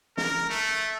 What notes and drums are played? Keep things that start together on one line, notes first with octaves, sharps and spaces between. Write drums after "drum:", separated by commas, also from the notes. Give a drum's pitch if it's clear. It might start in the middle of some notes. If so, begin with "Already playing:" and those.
A#4, drum: snare
A3